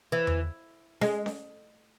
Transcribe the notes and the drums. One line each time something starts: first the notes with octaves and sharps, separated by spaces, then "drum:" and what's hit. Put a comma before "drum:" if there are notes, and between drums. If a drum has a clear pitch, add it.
E3
drum: tom E2
G#3, drum: snare C#4
drum: snare C#4